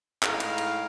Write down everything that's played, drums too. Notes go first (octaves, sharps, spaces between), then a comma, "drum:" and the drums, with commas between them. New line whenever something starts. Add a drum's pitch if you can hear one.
A2 G#3 D#4 A#4 F5, drum: clap
drum: cymbal
drum: cymbal